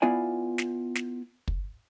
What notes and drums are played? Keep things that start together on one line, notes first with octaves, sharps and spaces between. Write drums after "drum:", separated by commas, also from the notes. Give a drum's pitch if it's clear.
B3 E4 F4 D5 G#5
drum: snare
drum: snare
drum: kick